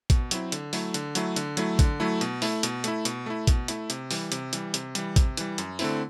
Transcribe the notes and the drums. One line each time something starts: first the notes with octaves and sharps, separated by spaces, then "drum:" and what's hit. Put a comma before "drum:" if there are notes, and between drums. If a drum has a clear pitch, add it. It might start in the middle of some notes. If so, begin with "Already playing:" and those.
B2, drum: kick A1, hi-hat
F#3 C4 E4, drum: hi-hat
D3, drum: hi-hat
F#3 A3 E4, drum: open hi-hat
D3, drum: hi-hat
F#3 A3 E4, drum: hi-hat
D3, drum: hi-hat
F#3 A3 E4, drum: hi-hat
D3, drum: kick A1, hi-hat
F#3 A3 E4
B2, drum: hi-hat
A3 E4, drum: open hi-hat
B2, drum: hi-hat
A3 E4, drum: hi-hat
B2, drum: hi-hat
A3 E4
B2, drum: kick A1, hi-hat
A3 E4, drum: hi-hat
C3, drum: hi-hat
E3 G3, drum: open hi-hat
C3, drum: hi-hat
E3 G3, drum: hi-hat
C3, drum: hi-hat
E3 G3, drum: hi-hat
C3, drum: kick A1, hi-hat
E3 G3, drum: hi-hat
F#2, drum: hi-hat
D3 A3 C4 E4, drum: open hi-hat